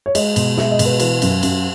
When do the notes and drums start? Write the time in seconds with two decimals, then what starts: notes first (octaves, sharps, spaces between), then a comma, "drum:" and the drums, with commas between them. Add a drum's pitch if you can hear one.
0.06 C#5
0.15 G#3 D#5, drum: cymbal
0.36 B2, drum: cymbal
0.57 G#3 E5, drum: snare
0.71 D#5
0.79 B2, drum: cymbal
0.85 B4
1.00 E3 B4, drum: cymbal
1.22 F#2, drum: cymbal
1.43 F#2, drum: cymbal